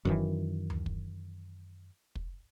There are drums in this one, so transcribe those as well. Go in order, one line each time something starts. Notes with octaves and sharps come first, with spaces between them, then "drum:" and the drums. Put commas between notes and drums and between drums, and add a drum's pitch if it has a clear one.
F#2 D#3 E3, drum: kick
drum: tom D2
drum: kick
drum: kick